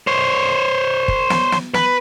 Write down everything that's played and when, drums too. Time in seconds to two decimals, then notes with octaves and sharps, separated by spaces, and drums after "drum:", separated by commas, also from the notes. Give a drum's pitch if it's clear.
0.07 C5 C#5
1.08 drum: kick
1.30 drum: snare
1.52 drum: snare
1.74 B4, drum: snare